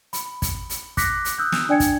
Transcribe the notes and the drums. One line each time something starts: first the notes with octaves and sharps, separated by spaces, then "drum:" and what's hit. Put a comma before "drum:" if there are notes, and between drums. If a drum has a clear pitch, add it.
B5, drum: hi-hat
drum: kick, hi-hat
drum: hi-hat
D6 F#6 A#6 B6 C#7, drum: kick, hi-hat
drum: hi-hat
D#6 E6 F#6 G6
drum: snare
D4 D5 G5 G#5 G#6 C#7
drum: kick, hi-hat